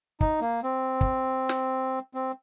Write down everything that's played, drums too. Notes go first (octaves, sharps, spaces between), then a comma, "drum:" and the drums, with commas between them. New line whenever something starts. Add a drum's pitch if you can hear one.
D#4, drum: kick
A#3
C4
drum: kick
drum: snare
C4